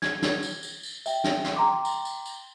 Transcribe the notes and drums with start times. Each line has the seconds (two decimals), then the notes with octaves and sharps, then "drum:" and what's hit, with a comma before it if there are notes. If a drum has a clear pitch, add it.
0.02 G#6, drum: snare
0.22 drum: snare
0.43 drum: tambourine
0.63 drum: tambourine
0.83 drum: tambourine
1.06 E5 G5, drum: tambourine
1.24 drum: snare
1.44 drum: snare
1.56 G5 A#5 C6 D6
1.85 drum: tambourine
2.05 drum: tambourine
2.26 drum: tambourine